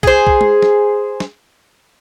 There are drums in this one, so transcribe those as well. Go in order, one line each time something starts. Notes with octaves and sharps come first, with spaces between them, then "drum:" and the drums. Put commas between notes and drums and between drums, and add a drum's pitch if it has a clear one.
G#4 C5, drum: kick
drum: kick
drum: tom G#3
drum: snare
drum: snare